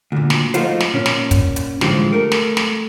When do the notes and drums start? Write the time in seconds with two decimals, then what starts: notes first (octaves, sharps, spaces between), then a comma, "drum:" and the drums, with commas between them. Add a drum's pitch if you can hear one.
0.12 D2 A#2
0.30 drum: snare
0.54 F3 A3 D#4 F4 F#4 C5, drum: hi-hat
0.81 drum: snare
0.94 A#2 C#4
1.06 drum: snare
1.31 drum: kick, hi-hat
1.56 drum: hi-hat
1.81 A2 D3 E3 F3 G#3 G4, drum: snare
2.12 A3 A#4
2.32 drum: snare
2.57 drum: snare